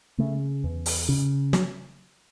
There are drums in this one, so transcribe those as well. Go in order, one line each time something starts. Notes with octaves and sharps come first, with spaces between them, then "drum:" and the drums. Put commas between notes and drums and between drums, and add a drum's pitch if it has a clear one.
C#3 A3
E2
drum: open hi-hat
C#3
F#3, drum: snare